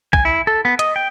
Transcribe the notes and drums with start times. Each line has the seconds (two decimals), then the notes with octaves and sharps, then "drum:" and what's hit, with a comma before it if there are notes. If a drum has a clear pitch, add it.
0.13 G#5, drum: kick
0.25 E4
0.47 A4
0.65 B3
0.79 D#5, drum: hi-hat
0.96 G5